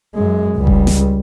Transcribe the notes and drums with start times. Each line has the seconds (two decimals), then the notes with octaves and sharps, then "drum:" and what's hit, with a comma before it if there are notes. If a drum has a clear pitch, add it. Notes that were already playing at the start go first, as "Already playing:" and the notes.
0.15 F#2 G#3
0.56 C#2 G3
0.67 drum: kick F#1
0.87 drum: snare